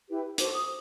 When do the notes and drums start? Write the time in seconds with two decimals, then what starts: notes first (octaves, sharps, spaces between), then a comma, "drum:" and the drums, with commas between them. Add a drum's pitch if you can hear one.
0.08 E4 G4 B4
0.38 F#4 A4 C5 D6, drum: hi-hat
0.54 D#6